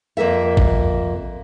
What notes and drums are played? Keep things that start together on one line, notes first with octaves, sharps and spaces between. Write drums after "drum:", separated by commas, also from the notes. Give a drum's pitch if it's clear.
F2 A#3 A4 E5
drum: kick G#1